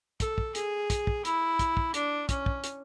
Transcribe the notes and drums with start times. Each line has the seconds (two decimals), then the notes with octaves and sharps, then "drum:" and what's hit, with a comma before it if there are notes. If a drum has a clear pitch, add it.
0.20 A4, drum: kick, hi-hat
0.38 drum: kick
0.55 G#4, drum: hi-hat
0.90 drum: kick, hi-hat
1.07 drum: kick
1.25 E4, drum: hi-hat
1.59 drum: kick, hi-hat
1.77 drum: kick
1.94 D4, drum: hi-hat
2.29 C#4, drum: kick, hi-hat
2.46 drum: kick
2.64 drum: hi-hat